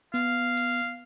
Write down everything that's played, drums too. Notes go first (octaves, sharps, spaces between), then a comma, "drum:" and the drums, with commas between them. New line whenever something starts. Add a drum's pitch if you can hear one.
B3 F5, drum: hi-hat
drum: open hi-hat